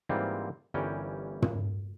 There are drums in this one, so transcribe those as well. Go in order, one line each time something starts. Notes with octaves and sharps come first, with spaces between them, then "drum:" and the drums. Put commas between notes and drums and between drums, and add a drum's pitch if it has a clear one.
G#2 E3 G3 A#3 C4 F4
G1 E3 G3 C#4 A#4 G5
drum: tom